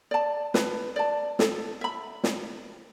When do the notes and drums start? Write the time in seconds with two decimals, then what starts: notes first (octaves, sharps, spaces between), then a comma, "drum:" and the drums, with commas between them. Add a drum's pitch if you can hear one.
0.11 D5 A5
0.54 B4, drum: snare
0.96 D5 A5
1.39 A4, drum: snare
1.81 E5 B5
2.24 drum: snare